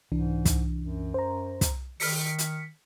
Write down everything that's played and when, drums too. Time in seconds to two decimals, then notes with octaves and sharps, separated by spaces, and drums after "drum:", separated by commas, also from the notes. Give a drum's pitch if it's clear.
0.12 C2 G#2 E3 D4
0.45 drum: kick, hi-hat
0.78 F#2
1.14 C5 A#5
1.61 drum: kick, hi-hat
2.00 D#3 F6 B6 C#7, drum: open hi-hat
2.38 drum: hi-hat